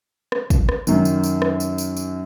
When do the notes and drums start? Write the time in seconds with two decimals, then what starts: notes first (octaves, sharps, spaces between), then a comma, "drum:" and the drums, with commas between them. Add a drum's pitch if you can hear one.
0.32 drum: rim click
0.50 drum: kick, tambourine
0.69 drum: rim click
0.87 F#2 D#3, drum: tambourine
1.05 drum: tambourine
1.23 drum: tambourine
1.42 drum: rim click
1.60 drum: tambourine
1.78 drum: tambourine
1.97 drum: tambourine